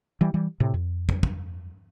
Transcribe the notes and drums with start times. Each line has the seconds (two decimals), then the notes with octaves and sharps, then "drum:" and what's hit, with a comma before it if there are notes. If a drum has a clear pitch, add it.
0.21 E3 G3
0.34 E3 G3
0.60 A2 C3
0.74 F2
1.09 drum: kick
1.23 drum: kick